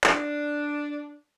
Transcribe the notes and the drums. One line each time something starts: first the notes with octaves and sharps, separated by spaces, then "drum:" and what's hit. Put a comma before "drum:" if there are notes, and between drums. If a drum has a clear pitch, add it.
D4, drum: clap